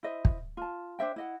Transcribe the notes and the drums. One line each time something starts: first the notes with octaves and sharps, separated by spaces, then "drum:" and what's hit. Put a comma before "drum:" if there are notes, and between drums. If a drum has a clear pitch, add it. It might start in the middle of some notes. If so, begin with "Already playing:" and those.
E4 C5 D#5 E5
drum: kick
F4 A5
D4 C5 E5 G5
E4 D#5 F#5